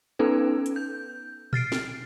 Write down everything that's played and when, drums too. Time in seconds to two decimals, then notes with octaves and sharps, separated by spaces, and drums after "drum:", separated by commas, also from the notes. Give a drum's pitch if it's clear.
0.19 B3 C#4 D#4 A4 B4
0.66 drum: hi-hat
0.76 G6
1.53 F6 A6 C7 D7, drum: tom A#2
1.72 drum: snare